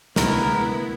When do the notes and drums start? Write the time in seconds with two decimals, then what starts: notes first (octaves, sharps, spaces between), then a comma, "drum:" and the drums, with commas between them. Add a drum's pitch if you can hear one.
0.16 D2 C3 B3 E4 A#4, drum: snare